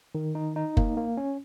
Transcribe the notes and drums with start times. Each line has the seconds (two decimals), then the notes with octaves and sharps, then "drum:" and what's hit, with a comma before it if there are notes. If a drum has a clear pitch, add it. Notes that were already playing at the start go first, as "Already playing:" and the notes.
0.15 D#3
0.35 D#4
0.56 D#4
0.77 A#3, drum: kick F#1
0.97 A#3
1.17 C#4